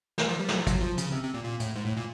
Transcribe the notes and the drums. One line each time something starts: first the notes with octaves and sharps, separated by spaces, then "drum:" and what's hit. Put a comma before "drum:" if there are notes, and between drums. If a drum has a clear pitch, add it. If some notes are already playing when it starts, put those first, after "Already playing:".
E3, drum: snare
F3
G3
F#3, drum: snare
F3
F#3, drum: kick, hi-hat
F3
C#3, drum: hi-hat
C3
C3
A#2
A#2
A2, drum: hi-hat
G#2
A2
A#2